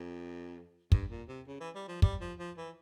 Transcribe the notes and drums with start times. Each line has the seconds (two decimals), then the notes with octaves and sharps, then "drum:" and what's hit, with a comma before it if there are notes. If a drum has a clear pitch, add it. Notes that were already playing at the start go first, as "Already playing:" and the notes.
Already playing: F2
0.92 G2, drum: kick
1.10 A#2
1.28 C3
1.47 C#3
1.60 E3
1.75 G3
1.88 F3
2.02 G3, drum: kick
2.21 F3
2.39 F3
2.57 E3